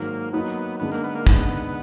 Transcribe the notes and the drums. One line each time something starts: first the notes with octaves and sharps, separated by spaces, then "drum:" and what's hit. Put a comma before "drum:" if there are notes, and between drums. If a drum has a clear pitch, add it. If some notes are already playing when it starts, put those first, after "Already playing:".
Already playing: G#2 D#3 F#3 A#3
F#3 A#3 B3 D#4
D3 G#3 B3 D#4
A#3
B3
A#3
D3 G#3 B3 D#4, drum: kick